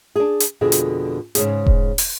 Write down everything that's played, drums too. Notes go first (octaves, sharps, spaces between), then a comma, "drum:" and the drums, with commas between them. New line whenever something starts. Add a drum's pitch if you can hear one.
D4 G#4
drum: hi-hat
F2 B2 D3 G#4
drum: hi-hat
G#2 C#3 G#4, drum: hi-hat
drum: kick E1
drum: open hi-hat